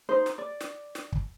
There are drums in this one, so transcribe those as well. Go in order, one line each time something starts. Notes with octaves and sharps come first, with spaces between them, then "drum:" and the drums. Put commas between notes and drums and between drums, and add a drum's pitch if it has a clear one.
D#4 C5
drum: snare
D5
drum: snare
drum: snare
drum: kick